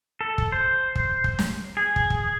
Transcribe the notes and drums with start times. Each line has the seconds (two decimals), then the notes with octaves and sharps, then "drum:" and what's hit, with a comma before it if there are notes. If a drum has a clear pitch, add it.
0.21 A4
0.38 drum: kick
0.52 C5
0.95 drum: kick
1.24 drum: kick
1.39 drum: snare
1.77 G#4
1.96 drum: kick
2.10 drum: kick